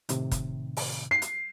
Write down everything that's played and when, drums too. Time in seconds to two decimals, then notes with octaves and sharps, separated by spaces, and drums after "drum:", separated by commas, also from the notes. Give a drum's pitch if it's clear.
0.09 A2 C3 D#3, drum: hi-hat
0.31 drum: kick, hi-hat
0.77 drum: open hi-hat
1.11 C7
1.22 drum: hi-hat